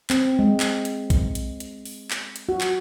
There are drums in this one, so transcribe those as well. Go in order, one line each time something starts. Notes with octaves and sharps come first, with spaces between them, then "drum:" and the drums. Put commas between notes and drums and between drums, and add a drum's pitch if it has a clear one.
C4, drum: clap
G#3
drum: clap
drum: hi-hat
drum: kick A#1, hi-hat
drum: hi-hat
drum: hi-hat
drum: open hi-hat
drum: clap
drum: hi-hat
F#4
drum: clap